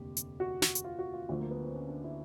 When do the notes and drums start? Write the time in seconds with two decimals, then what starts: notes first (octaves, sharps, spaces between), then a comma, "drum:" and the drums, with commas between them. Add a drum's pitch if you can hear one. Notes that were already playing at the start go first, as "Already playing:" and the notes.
Already playing: F1 D#2 D3 G4
0.17 drum: hi-hat
0.40 F#4
0.62 F#4, drum: snare
0.75 drum: hi-hat
0.84 F4
0.99 F#4
1.14 F4
1.29 D2 D3 F3
1.40 A#3
1.51 B3
1.63 C4
1.68 D4
1.74 C#4
1.88 D4
2.04 E4